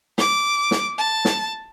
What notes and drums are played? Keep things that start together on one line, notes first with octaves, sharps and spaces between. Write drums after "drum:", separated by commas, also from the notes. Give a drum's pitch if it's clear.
D6, drum: snare
drum: snare
A5
drum: snare